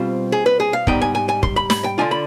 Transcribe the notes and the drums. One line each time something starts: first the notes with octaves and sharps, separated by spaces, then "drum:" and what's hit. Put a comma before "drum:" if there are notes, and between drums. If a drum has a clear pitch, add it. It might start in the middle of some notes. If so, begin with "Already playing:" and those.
Already playing: B2 G3 C4 F4 C5
G#4
B4
G#4
F5
G#2 G3 B3 D#4 G5, drum: kick
G#5
G#5
G#5
C6, drum: kick
B5
B5, drum: snare
G5
D3 G#3 D4 F4 G#5
B5